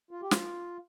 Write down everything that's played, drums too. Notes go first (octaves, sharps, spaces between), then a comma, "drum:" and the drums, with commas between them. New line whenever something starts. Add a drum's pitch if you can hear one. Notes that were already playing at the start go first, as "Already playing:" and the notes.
F4
G4
F4, drum: snare